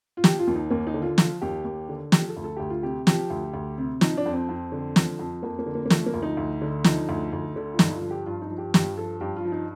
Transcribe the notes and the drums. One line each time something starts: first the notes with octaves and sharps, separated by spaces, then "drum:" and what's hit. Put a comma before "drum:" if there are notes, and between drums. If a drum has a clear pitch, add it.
F4
F3 G4, drum: snare
F4
D#2
D#4
D#2 A#3
D#4
D3
F4
F3 F4, drum: snare
D#2 G4
D#2
D3
F3 G4, drum: snare
A4
D2
A4
D2 G4
F4
C3 G4
F3 G4, drum: snare
D2
D2
C3
F3 D#4, drum: snare
D4
F2
C4
F2
D3
F3, drum: snare
F2
F2 A#3
A#3
D3
A#3
A#3
F3 A3, drum: snare
A#3
D2
D#4
D2
D3
F3 D#4, drum: snare
D2
D2
D3
F4
G2 D#4, drum: snare
F4
F3
G4
G2 F4
D#4
F3
G4
G2 G4, drum: snare
F3 A4
G2 G4
F4
F3
D#4